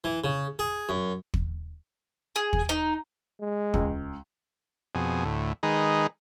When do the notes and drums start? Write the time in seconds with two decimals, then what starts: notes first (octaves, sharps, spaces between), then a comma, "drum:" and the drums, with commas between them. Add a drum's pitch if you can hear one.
0.04 E3
0.24 C#3
0.59 G#4
0.89 F#2
1.34 drum: kick
2.36 G#4
2.53 drum: kick
2.69 D#4
3.41 G#3
3.74 C#2, drum: kick
4.95 F2 B2 G#4
5.25 D2 A2
5.63 D#3 G#3 D#4 G#4 B4